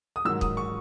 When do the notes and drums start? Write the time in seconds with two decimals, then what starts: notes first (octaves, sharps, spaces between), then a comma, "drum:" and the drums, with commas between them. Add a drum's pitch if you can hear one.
0.16 D#6
0.25 G#2 D#3 F#3 E6
0.41 D#6, drum: kick
0.57 C#6